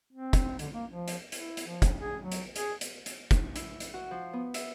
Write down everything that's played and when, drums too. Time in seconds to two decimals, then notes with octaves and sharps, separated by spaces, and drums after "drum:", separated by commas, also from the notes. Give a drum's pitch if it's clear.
0.13 C4
0.33 drum: kick, hi-hat
0.59 D3, drum: hi-hat
0.74 A#3
0.91 F3
1.08 drum: hi-hat
1.32 E4, drum: hi-hat
1.57 drum: hi-hat
1.67 F3
1.82 drum: kick, hi-hat
1.99 G#4
2.21 F#3
2.32 drum: hi-hat
2.56 G#4, drum: hi-hat
2.81 drum: hi-hat
3.06 drum: hi-hat
3.31 drum: kick, hi-hat
3.56 E4, drum: hi-hat
3.80 drum: hi-hat
3.94 F#4
4.11 F3
4.33 B3
4.54 E5, drum: hi-hat